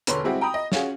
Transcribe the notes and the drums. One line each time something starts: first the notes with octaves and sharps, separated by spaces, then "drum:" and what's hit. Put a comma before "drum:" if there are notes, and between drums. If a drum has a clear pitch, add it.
E1 D3 B4 C#5 A#5 C6, drum: hi-hat
G3 G#3 C4 E4 F#4 G4
G5 A#5 B5 D#6
D#5
C#4 F4 F#4 G#4, drum: snare